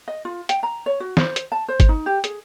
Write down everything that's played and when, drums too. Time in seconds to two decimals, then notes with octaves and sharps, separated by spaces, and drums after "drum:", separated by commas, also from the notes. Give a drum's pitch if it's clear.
0.08 D#5
0.25 F4
0.49 G5, drum: hi-hat
0.63 A#5
0.86 C#5
1.00 F#4
1.17 C5, drum: snare
1.36 drum: hi-hat
1.52 A5
1.68 C5
1.80 drum: kick, hi-hat
1.89 D#4
2.06 G4
2.24 G#4, drum: hi-hat